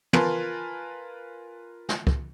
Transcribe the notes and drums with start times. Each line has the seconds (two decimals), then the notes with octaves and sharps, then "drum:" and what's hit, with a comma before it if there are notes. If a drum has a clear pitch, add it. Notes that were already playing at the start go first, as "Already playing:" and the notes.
0.13 F4 A#4 B4 G#5 A5 C6, drum: tom
1.89 drum: snare
2.07 drum: kick